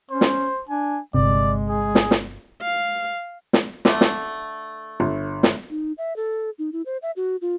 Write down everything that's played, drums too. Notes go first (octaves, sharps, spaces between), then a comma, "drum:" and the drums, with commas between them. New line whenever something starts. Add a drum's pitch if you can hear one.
C#4 C5
drum: snare
D4 G#5
G1 C3 G#3 D5
G#4
drum: snare
drum: snare
F5
drum: snare
D3 A3, drum: snare
drum: snare
G1
drum: snare
D#4
E5
A4
D#4
E4
C5
E5
F#4
F4